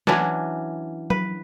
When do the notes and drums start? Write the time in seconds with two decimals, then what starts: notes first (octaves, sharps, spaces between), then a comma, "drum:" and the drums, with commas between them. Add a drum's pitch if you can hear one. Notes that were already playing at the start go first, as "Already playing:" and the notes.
0.07 E3 F#3 C#4 D4, drum: snare
1.10 B4, drum: tom F#3